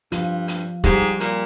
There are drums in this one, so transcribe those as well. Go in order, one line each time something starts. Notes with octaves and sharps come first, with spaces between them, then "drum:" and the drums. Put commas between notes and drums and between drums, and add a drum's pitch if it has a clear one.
G2 F3 F4, drum: hi-hat
drum: hi-hat
G#2 G3 G4, drum: kick, hi-hat
A#2, drum: hi-hat